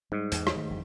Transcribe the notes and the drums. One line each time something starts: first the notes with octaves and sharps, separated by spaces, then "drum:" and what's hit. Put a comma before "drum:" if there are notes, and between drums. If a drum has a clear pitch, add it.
G#2 G3
E2, drum: hi-hat
drum: rim click
D#3 A3
G1 F2 E3